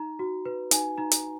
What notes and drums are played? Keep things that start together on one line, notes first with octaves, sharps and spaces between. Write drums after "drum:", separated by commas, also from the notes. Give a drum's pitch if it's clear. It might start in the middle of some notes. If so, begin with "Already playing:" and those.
Already playing: D#4 A#5
F#4
B4
D#4 G#5, drum: hi-hat
D#4 A#5
drum: hi-hat